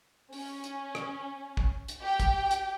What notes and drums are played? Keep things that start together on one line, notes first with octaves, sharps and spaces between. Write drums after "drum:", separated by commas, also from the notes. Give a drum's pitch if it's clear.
C#4, drum: open hi-hat
drum: hi-hat
drum: rim click
drum: kick
drum: hi-hat
G4 G5
drum: kick, hi-hat
drum: hi-hat